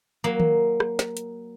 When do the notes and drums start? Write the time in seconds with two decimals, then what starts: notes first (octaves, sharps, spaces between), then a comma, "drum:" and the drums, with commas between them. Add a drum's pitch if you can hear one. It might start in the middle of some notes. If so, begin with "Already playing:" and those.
0.24 F#3 A#3
0.40 drum: tom D#3
0.80 drum: rim click
0.99 drum: snare
1.17 drum: hi-hat